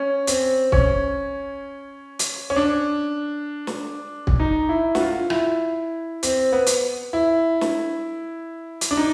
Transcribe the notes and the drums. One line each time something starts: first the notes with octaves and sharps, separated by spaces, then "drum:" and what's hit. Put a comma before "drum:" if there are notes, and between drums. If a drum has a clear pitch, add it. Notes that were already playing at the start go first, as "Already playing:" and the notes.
Already playing: C#4
C4, drum: hi-hat
C#4, drum: kick
drum: hi-hat
C#4
D4
drum: snare
drum: kick
D#4
E4
F#4, drum: snare
F4
E4, drum: rim click
C4, drum: hi-hat
B3
drum: hi-hat
E4
drum: snare
drum: hi-hat
D4
D#4